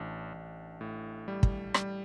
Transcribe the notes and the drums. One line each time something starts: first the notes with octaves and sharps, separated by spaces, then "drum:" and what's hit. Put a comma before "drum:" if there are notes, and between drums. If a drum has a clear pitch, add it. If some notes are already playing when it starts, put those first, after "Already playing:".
Already playing: A1 D4
A1
A2
G3
drum: kick
G3, drum: rim click